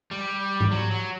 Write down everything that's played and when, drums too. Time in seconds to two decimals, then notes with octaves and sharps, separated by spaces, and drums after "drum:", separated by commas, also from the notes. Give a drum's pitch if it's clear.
0.11 G3
0.61 drum: tom G#2
0.72 F#3
0.91 F#3